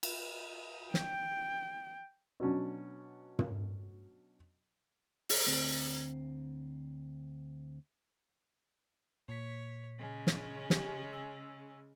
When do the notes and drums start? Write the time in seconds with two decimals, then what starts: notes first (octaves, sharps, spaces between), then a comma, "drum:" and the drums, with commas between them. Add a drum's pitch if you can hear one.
0.03 drum: cymbal
0.94 G5, drum: snare
2.40 B2 F#3 C#4 D4
3.39 drum: tom
5.29 drum: open hi-hat
5.47 D2 C4
9.29 A#2 C#5 B6
9.99 C#3 G#3 C#4
10.27 drum: snare
10.70 G4, drum: snare
11.13 E6